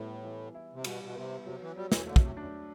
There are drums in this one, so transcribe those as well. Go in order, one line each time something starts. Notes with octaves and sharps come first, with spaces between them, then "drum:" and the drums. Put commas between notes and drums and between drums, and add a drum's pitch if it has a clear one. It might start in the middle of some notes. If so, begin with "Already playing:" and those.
Already playing: A2 E3 G3 B3 E4
E3
E4
C3
B2 G3, drum: cymbal
B2
C3 B3
C3 F#3
E3
F#3 G3
E3, drum: snare
D3 A3
B2, drum: kick
C3
F#2 D4